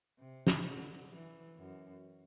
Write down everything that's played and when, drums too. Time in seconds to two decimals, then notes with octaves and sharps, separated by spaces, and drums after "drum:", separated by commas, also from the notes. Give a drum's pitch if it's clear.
0.19 C3
0.47 drum: snare
0.65 D3
1.11 E3
1.57 F#2